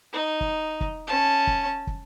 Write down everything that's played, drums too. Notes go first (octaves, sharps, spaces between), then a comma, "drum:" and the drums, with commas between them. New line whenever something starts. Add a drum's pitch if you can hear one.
D#4
drum: kick
drum: kick
C#4 A5
drum: kick
drum: kick